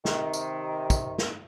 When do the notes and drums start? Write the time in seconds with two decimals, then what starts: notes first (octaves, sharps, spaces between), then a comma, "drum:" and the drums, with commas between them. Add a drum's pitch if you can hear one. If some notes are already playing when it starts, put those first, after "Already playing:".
0.05 C3 D#3, drum: snare
0.33 drum: tambourine
0.90 drum: kick, tambourine
1.18 drum: snare